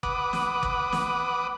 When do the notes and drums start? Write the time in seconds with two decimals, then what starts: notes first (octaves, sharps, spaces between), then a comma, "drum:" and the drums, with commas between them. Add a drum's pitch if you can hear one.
0.03 B4 F#5 D6 D#6, drum: kick
0.33 drum: snare
0.63 drum: kick
0.92 drum: snare